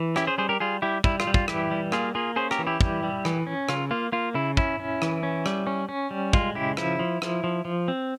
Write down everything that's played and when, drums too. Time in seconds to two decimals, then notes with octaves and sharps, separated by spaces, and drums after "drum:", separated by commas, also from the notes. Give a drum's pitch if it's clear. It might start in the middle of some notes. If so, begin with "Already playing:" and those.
Already playing: E3
0.16 C#4 E4 G4, drum: rim click
0.27 G#4 C5
0.38 G3 G#4 C5
0.49 G4 A#4
0.60 G3 F4 G#4
0.82 G3 E4 G4
1.04 G3 E4, drum: kick
1.20 F4, drum: rim click
1.27 G3
1.34 F4, drum: kick
1.48 E3 E4 G4, drum: rim click
1.71 G3
1.92 A#3 F4 G#4, drum: rim click
2.15 A#3 F4 G#4
2.36 C#4 G#4 C5
2.51 G4 A#4, drum: rim click
2.59 E3
2.67 E4 G4
2.81 G3, drum: kick
3.03 G3
3.25 E3, drum: rim click
3.47 C#4
3.69 C#3 F4, drum: rim click
3.91 A#3 F4
4.12 A#3 F4
4.34 C#3 E4
4.57 C#4 E4, drum: kick
4.80 C#4
5.02 E3, drum: rim click
5.23 C#4
5.46 G3, drum: rim click
5.67 C#4
5.89 C#4
6.11 G3
6.33 G#3 F4, drum: kick
6.55 C#3 E4 G4
6.77 F3 E4, drum: rim click
6.99 F3
7.22 F3, drum: rim click
7.44 F3
7.65 F3
7.88 C4